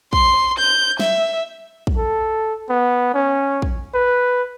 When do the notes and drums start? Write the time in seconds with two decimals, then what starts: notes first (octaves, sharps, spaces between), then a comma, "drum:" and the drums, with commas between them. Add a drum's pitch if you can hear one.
0.13 C6, drum: kick
0.58 G6
0.99 E5, drum: snare
1.87 drum: kick
1.97 A4
2.69 B3
3.14 C#4
3.62 drum: kick
3.94 B4